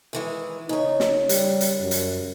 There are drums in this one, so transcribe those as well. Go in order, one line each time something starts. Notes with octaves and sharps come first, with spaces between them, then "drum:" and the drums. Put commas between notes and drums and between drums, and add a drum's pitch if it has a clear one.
D#3 E3 G#3
C#3 D#4 C#5
drum: snare
G3, drum: hi-hat
drum: hi-hat
F#2
drum: hi-hat